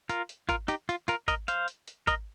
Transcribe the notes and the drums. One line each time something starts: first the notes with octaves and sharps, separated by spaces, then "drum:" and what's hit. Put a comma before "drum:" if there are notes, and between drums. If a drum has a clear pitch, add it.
F4 A#4, drum: hi-hat
drum: hi-hat
F4 A#4, drum: kick G#1, hi-hat
D#4 G4, drum: hi-hat
F4, drum: hi-hat
F4 A#4, drum: hi-hat
A#4 D#5, drum: kick G#1, hi-hat
C5 F5, drum: hi-hat
drum: hi-hat
drum: hi-hat
A#4 D#5, drum: kick G#1, hi-hat